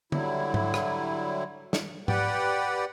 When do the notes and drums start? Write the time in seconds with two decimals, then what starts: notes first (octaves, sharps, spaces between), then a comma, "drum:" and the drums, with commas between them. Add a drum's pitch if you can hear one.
0.12 D3 F#3 G3 E4, drum: tom D3
0.54 drum: tom G#2
0.74 drum: rim click
1.73 drum: snare
2.08 G4 B4 D5 F#5 G5, drum: tom G#2